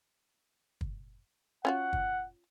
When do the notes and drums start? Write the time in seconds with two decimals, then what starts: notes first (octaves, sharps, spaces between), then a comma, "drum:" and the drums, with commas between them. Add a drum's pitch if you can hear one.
0.81 drum: kick
1.65 C#4 F4 F#4 F#5
1.93 drum: kick